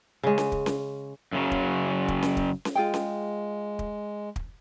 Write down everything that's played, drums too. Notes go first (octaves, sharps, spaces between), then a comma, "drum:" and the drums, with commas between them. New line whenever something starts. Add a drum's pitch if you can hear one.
C#3 G#3
drum: snare C#4
drum: kick
drum: snare C#4
F#2 C#3 F#3
drum: kick
drum: kick
drum: snare C#4
drum: kick
drum: snare C#4
G#3 F4 G#4 G5
drum: snare C#4
drum: kick
drum: kick